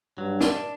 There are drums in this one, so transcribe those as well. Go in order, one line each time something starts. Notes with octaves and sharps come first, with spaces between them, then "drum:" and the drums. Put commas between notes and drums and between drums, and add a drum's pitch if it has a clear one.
G2 F#3
D4, drum: snare